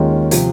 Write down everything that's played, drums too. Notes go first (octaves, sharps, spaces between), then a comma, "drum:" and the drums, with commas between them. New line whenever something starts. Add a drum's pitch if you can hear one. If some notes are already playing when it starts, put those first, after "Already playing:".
Already playing: D#2 D#3 G#3 C#4 F4
C3 F3, drum: hi-hat